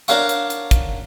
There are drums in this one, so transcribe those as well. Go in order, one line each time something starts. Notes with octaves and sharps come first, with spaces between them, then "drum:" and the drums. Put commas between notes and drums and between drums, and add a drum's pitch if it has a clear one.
D4 A#4 C#5 F5 F#5 C#6, drum: hi-hat
drum: hi-hat
drum: hi-hat
drum: kick, hi-hat